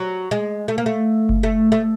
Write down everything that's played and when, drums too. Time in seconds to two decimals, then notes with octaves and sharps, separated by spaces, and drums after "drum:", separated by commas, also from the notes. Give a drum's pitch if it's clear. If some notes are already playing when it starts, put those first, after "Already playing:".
Already playing: F#3
0.31 G#3
0.68 A3
0.78 A#3
0.86 A3
1.29 drum: kick F#1
1.43 A3
1.72 A3